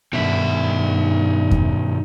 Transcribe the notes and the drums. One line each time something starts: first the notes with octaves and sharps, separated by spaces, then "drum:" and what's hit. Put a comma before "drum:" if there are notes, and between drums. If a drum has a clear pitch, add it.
G2 B2 D#3 D#4 E5
drum: kick E2